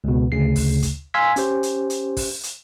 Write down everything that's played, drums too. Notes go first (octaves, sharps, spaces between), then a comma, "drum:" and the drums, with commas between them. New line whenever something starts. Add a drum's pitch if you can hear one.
C#2 B2
D2 C#3 C7
drum: kick, open hi-hat
drum: kick, hi-hat
F5 G#5 C6 E6 G#6 B6
C#4 G4 C5, drum: hi-hat
drum: hi-hat
drum: hi-hat
drum: kick, open hi-hat
drum: hi-hat